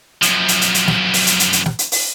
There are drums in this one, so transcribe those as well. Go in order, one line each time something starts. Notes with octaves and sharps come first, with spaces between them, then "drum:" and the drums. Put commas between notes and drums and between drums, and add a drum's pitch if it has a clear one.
F#2 F3, drum: hi-hat
drum: hi-hat
drum: hi-hat
drum: hi-hat
drum: snare
drum: open hi-hat
drum: hi-hat
drum: hi-hat
drum: hi-hat
drum: snare
drum: hi-hat
drum: open hi-hat